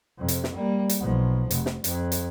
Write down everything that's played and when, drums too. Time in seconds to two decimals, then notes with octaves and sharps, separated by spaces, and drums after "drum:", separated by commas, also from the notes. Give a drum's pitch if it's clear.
0.19 F2 C3
0.28 drum: hi-hat
0.44 drum: snare
0.54 G3 A#3
0.89 drum: hi-hat
1.00 B1 F3
1.51 F1, drum: hi-hat
1.66 drum: snare
1.84 F2, drum: hi-hat
2.12 drum: hi-hat